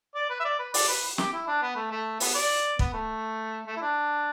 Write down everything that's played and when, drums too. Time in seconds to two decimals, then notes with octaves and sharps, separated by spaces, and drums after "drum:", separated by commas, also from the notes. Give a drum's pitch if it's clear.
0.15 D5
0.30 B4
0.40 E5
0.45 D5
0.59 B4
0.74 D5, drum: open hi-hat
0.88 B4
1.18 G4, drum: snare
1.33 E4
1.48 D4
1.62 B3
1.76 A3
1.91 A3
2.20 B3, drum: open hi-hat
2.35 D5
2.79 B3, drum: kick
2.94 A3
3.67 A3
3.77 E4
3.82 D4